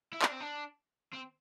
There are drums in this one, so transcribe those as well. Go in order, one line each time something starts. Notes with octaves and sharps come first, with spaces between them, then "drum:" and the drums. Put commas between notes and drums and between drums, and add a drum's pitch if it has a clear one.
E4
D4, drum: clap
C4
D4
C4